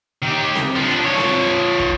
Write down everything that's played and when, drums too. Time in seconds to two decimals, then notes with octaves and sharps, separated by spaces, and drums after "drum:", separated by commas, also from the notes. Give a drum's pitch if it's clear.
0.23 D#3 G4
0.55 drum: snare C4
0.76 F3 D4
1.04 F3 C#5
1.17 drum: snare C4
1.79 drum: kick